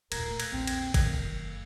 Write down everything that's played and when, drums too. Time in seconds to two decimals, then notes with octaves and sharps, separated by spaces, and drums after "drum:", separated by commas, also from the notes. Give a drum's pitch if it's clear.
0.12 D#1 A#1 A#4, drum: cymbal
0.28 A3
0.40 drum: cymbal
0.52 A#1 E2 C4
0.67 drum: cymbal
0.94 A2 C3 D#3, drum: kick, cymbal
1.17 F#1 F#2